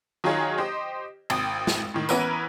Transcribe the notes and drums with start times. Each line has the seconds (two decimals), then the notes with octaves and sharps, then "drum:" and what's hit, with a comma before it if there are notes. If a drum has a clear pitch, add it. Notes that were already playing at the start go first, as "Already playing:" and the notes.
0.24 D#3 F#3 D#4 F4 G#4 C#5
0.58 G4 C5 D#5
1.30 G#1 G5 D#6, drum: cymbal
1.67 drum: snare
1.94 A2 D#3
2.09 E3 B3 C#4 E4 A#4 B4, drum: tambourine